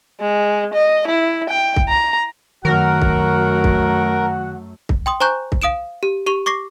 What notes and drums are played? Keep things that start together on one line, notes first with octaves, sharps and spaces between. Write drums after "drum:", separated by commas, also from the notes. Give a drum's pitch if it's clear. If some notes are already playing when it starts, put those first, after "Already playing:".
G#3
D#5
E4
G5
drum: kick
A#5
F#2 D#3 A3 F#4 A#4 F#5
drum: kick
drum: kick
drum: kick
G5 C6 D#6
C5 G#5 A#5 C#6 F#6 G6
drum: kick
F5 D#6 D7 E7
G4
G4 C#6 F7
C#6 D6 A#6 C7